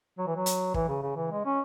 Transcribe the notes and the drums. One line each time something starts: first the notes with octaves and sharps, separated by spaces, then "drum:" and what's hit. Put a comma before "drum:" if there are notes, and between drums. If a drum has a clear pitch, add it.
F#3
E3
F#3
drum: hi-hat
E3, drum: kick
C#3
C#3
E3
G#3
C#4